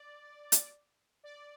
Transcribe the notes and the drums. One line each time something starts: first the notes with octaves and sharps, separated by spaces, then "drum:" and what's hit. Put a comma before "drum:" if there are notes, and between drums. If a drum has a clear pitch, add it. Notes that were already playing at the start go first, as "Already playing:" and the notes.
Already playing: D5
drum: hi-hat
D5